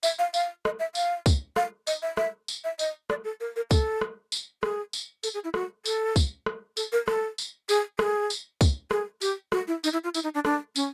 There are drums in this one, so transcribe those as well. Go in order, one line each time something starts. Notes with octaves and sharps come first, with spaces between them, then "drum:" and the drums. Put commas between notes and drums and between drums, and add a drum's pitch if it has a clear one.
E5, drum: tambourine
F5
F5, drum: tambourine
D#5, drum: rim click
E5
F5, drum: tambourine
drum: kick, tambourine
F5, drum: rim click
D#5, drum: tambourine
E5
E5, drum: rim click
drum: tambourine
E5
D#5, drum: tambourine
D5, drum: rim click
A4
A#4
A#4
A4, drum: kick, tambourine
drum: rim click
drum: tambourine
G#4, drum: rim click
drum: tambourine
A4, drum: tambourine
G#4
E4
F#4, drum: rim click
A4, drum: tambourine
drum: kick, tambourine
drum: rim click
A4, drum: tambourine
A#4
A4, drum: rim click
drum: tambourine
G#4, drum: tambourine
G#4, drum: rim click
drum: tambourine
drum: kick, tambourine
G#4, drum: rim click
G4, drum: tambourine
F#4, drum: rim click
E4
D#4, drum: tambourine
E4
F4
E4, drum: tambourine
D#4
D4
D4, drum: rim click
C#4, drum: tambourine